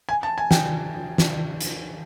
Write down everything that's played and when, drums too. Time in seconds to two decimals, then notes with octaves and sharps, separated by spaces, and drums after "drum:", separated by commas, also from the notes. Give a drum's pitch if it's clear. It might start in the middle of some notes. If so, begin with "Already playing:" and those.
0.09 G#5
0.23 A5
0.38 G#5
0.51 G5, drum: snare
1.18 drum: snare
1.61 drum: hi-hat